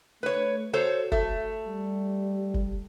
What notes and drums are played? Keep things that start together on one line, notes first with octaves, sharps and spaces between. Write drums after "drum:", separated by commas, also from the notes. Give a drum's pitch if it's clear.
A3 B4 C#5
F#4 A4 C5 C#5
A3, drum: kick F#1
G3
drum: kick F#1